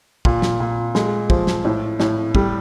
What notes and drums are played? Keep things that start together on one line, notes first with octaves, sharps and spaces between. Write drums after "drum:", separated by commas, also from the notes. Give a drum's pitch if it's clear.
A#2, drum: kick
drum: snare
A#2
G#3, drum: snare
F3, drum: kick
drum: snare
A2
A2, drum: snare
G3, drum: kick